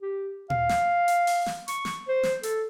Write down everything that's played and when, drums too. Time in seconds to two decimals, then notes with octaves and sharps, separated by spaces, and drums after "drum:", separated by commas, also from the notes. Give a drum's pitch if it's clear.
0.02 G4
0.50 F5, drum: tom A#2
0.69 drum: snare
1.08 drum: hi-hat
1.27 drum: open hi-hat
1.46 drum: snare
1.68 C#6, drum: hi-hat
1.85 drum: snare
2.08 C5
2.23 drum: snare
2.43 A4, drum: hi-hat